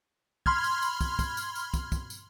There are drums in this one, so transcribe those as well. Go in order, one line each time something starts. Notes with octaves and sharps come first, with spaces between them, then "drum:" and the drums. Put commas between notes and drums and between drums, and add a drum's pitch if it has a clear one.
B5 C6 F6 G#6, drum: kick
drum: tambourine
drum: tambourine
drum: kick, tambourine
drum: kick, tambourine
drum: tambourine
drum: tambourine
drum: kick, tambourine
drum: kick, tambourine
drum: tambourine